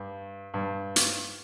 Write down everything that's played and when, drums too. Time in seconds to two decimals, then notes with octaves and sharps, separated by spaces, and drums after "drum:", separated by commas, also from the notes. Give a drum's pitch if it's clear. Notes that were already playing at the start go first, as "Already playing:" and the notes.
Already playing: G2
0.54 G2
0.96 drum: hi-hat